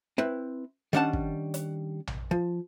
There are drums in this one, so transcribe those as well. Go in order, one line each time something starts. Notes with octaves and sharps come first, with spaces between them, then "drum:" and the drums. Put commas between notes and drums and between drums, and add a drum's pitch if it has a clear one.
C4 E4 B4
D#3 G3 C#4 D4 F#5 A5
drum: kick
drum: hi-hat
drum: tom A#1
F3